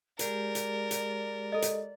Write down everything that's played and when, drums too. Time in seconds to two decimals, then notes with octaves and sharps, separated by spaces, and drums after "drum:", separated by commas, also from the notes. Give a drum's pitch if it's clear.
0.19 G#3 G4 G#4 A#4 D5, drum: hi-hat
0.55 drum: hi-hat
0.91 drum: hi-hat
1.52 A4 D#5
1.62 drum: hi-hat